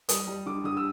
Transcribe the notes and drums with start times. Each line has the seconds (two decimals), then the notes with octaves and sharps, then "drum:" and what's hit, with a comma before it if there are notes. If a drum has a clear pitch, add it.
0.09 G3 D#6, drum: hi-hat
0.27 G3
0.46 D3 D6
0.64 D3 D#6
0.77 E6